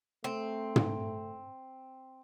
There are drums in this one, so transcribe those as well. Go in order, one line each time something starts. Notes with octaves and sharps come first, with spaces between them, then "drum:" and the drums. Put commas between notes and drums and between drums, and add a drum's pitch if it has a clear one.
A3 C4
drum: tom